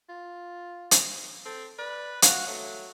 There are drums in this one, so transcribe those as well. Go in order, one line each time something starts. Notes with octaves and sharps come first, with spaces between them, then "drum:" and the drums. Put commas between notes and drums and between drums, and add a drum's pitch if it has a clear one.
F4
drum: hi-hat
C4 A4
B4 D5
F#4 F5, drum: hi-hat
F#3 A3